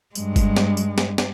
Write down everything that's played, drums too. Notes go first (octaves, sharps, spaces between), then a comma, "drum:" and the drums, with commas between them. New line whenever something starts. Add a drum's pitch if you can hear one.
G2 G#3, drum: tambourine
drum: kick F#1, tambourine
drum: snare
drum: tambourine
drum: snare
drum: snare